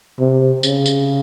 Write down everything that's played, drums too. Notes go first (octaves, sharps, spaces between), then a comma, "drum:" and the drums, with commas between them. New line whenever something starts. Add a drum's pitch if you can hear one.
C3
C#3, drum: tambourine
drum: tambourine